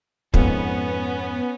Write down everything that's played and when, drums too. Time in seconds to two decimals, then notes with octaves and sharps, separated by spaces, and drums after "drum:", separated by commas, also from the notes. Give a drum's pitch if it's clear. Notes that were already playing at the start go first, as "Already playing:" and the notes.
0.34 F2 G#2 B3 C#4, drum: kick